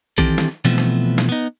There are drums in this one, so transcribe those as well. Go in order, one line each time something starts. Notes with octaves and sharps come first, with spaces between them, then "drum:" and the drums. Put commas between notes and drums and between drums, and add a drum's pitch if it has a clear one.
D#3 E3 C4 G4 A4, drum: kick A#1
drum: snare
B2 E3 F3 A3 B3 C4
drum: snare
drum: snare
B3 D#4